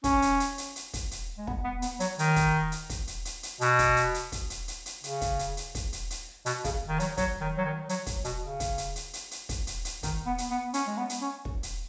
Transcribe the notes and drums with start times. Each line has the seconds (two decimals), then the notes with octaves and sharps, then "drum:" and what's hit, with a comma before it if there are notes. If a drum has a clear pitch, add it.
0.04 C#4, drum: kick, hi-hat
0.22 drum: hi-hat
0.40 drum: hi-hat
0.58 drum: hi-hat
0.76 drum: hi-hat
0.93 drum: kick, hi-hat
1.11 drum: hi-hat
1.38 G#3
1.47 B3, drum: kick
1.64 B3
1.82 B3, drum: hi-hat
2.00 F#3, drum: hi-hat
2.19 D#3, drum: hi-hat
2.36 drum: kick, hi-hat
2.72 drum: hi-hat
2.90 drum: kick, hi-hat
3.07 drum: hi-hat
3.25 drum: hi-hat
3.43 drum: hi-hat
3.61 B2, drum: hi-hat
3.79 drum: kick, hi-hat
3.96 drum: hi-hat
4.14 drum: hi-hat
4.32 drum: kick, hi-hat
4.50 drum: hi-hat
4.68 drum: hi-hat
4.86 drum: hi-hat
5.04 C#3, drum: hi-hat
5.21 drum: kick, hi-hat
5.39 drum: hi-hat
5.57 drum: hi-hat
5.75 drum: kick, hi-hat
5.93 drum: hi-hat
6.10 drum: hi-hat
6.46 B2, drum: hi-hat
6.64 C#3, drum: kick, hi-hat
6.88 D#3
7.00 F#3, drum: hi-hat
7.17 F#3, drum: kick, hi-hat
7.41 D#3
7.57 F#3
7.65 D#3
7.89 F#3, drum: hi-hat
8.06 drum: kick, hi-hat
8.25 B2, drum: hi-hat
8.42 C#3
8.60 drum: kick, hi-hat
8.78 drum: hi-hat
8.96 drum: hi-hat
9.13 drum: hi-hat
9.31 drum: hi-hat
9.49 drum: kick, hi-hat
9.67 drum: hi-hat
9.85 drum: hi-hat
10.03 D#3, drum: kick, hi-hat
10.26 B3
10.38 drum: hi-hat
10.51 B3
10.74 C#4, drum: hi-hat
10.87 G#3
10.97 B3
11.09 drum: hi-hat
11.21 C#4
11.45 drum: kick
11.63 drum: hi-hat